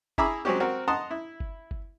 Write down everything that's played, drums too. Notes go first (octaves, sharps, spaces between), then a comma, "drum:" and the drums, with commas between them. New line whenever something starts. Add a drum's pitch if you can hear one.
E4 G#4 A#5 B5 D6 E6, drum: kick G1
F#3 G#3 C4 C#4 F#4 G4
C4 F#4 A#4 F#5
D#5 F#5 A5 A#5 C6 D#6
E4
drum: kick G1
drum: kick G1